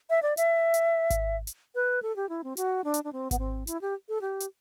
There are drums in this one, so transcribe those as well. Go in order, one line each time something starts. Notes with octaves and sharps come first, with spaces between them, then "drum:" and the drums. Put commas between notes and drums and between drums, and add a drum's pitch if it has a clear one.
E5
D5
E5, drum: hi-hat
drum: hi-hat
drum: kick G#1, hi-hat
drum: hi-hat
B4
A4
G4
E4
C4
F#4, drum: hi-hat
D4
drum: hi-hat
D4
C4
B3, drum: kick G#1, hi-hat
C4
E4, drum: hi-hat
G4
A4
G4
drum: hi-hat